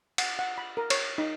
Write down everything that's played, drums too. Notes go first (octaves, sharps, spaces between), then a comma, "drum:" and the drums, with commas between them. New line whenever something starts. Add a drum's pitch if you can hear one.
F#5, drum: cymbal
F#5
B5
A#4
C#5, drum: cymbal
D#4